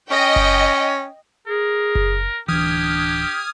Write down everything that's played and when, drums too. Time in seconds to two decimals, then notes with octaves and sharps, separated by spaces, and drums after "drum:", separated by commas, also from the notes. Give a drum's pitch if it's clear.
0.11 C#4 D#5 G5
0.36 drum: kick F#1
1.47 G#4 A#4
1.95 drum: kick F#1
2.48 D1 E3 D4 G4 D#6 F6 G#6